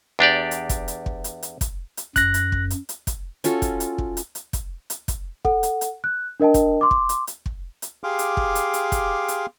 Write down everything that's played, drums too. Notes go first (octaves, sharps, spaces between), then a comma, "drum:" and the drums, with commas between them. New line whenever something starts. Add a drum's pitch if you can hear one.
E2 D4 G4 D5
drum: hi-hat
drum: kick, hi-hat
drum: hi-hat
drum: kick
drum: hi-hat
drum: hi-hat
drum: kick, hi-hat
drum: hi-hat
F#2 F#6 A#6, drum: kick, hi-hat
drum: hi-hat
drum: kick
drum: hi-hat
drum: hi-hat
drum: kick, hi-hat
C#4 F4 F#4 A4, drum: hi-hat
drum: kick, hi-hat
drum: hi-hat
drum: kick
drum: hi-hat
drum: hi-hat
drum: kick, hi-hat
drum: hi-hat
drum: kick, hi-hat
A4 F#5, drum: kick
drum: hi-hat
drum: hi-hat
F#6
D4 A#4 D#5 G5 A5
drum: kick, hi-hat
C6 D6
drum: kick
drum: hi-hat
drum: hi-hat
drum: kick
drum: hi-hat
G4 G#4 F5 C6 D6
drum: hi-hat
drum: kick
drum: hi-hat
drum: hi-hat
drum: kick, hi-hat
drum: hi-hat